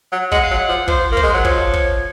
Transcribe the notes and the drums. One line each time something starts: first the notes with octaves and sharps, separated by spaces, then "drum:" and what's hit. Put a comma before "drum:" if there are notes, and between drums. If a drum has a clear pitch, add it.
F#3
G#3 F#5, drum: kick
F5
F#3
F#5
F3
F3 C5, drum: kick
A#3
C5, drum: kick
G#3
F#3
F3 C#5, drum: kick
drum: kick